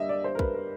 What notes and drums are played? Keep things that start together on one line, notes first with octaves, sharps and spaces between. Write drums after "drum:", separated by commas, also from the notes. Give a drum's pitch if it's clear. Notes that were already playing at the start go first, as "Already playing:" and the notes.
Already playing: G3 A#3 D4 D#5 E5
D5
C5
A#4
B4, drum: kick
A#4